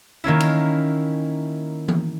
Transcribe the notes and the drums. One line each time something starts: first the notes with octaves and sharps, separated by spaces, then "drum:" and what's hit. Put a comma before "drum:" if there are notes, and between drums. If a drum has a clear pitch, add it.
D#3 A#3 C#4 E4
drum: cymbal
drum: tom E3